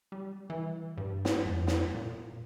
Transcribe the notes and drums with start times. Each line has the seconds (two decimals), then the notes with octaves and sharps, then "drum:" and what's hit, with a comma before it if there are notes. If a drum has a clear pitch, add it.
0.12 G3
0.50 E3
0.97 G2
1.25 drum: snare
1.46 F2
1.67 drum: snare
1.95 A#2